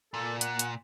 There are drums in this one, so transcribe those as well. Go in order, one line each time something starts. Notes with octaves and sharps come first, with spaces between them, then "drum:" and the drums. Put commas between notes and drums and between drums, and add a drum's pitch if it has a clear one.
A#2 A4
F#5, drum: hi-hat
drum: hi-hat